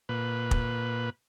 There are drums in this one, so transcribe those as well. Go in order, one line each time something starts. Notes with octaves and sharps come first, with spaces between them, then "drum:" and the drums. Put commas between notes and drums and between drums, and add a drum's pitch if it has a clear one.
A#2 B4
drum: kick